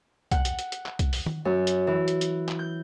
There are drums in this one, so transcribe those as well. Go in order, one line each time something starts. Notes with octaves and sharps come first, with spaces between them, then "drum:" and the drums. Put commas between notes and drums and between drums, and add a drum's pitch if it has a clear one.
F#5, drum: kick, hi-hat
drum: hi-hat
drum: hi-hat
drum: hi-hat
drum: clap
drum: kick, hi-hat
drum: open hi-hat
drum: tom D#3
F#2
drum: hi-hat
E3
drum: hi-hat
drum: hi-hat
drum: clap
G6